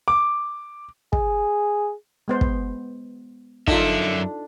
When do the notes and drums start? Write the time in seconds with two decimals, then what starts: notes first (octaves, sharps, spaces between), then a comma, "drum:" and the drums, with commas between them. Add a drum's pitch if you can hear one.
0.08 D6
1.13 G#4, drum: kick
2.28 G#3 B3 C5
2.41 drum: kick
3.67 F#2 D3 D#4 F4 E5, drum: kick